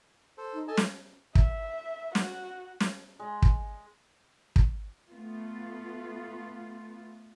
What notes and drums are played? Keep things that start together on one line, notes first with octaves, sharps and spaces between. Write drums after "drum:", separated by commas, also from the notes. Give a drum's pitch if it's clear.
A4 C5
D#4
A4 D#5 G#5 A5
drum: snare
E5, drum: kick
F#4, drum: snare
drum: snare
G#3
drum: kick
drum: kick
A3 B3 F4